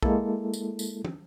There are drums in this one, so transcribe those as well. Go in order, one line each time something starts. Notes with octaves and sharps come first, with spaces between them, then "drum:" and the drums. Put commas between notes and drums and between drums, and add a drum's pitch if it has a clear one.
G#3 A#3 E4 A4, drum: kick
drum: tambourine
drum: tambourine
drum: tom